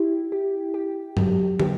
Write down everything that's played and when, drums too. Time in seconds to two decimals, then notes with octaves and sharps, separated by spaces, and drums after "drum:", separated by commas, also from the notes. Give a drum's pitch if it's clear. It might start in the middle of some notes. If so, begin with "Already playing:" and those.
Already playing: E4 G4
0.32 G4
0.74 G4
1.17 F#3, drum: tom F#2
1.60 G4, drum: tom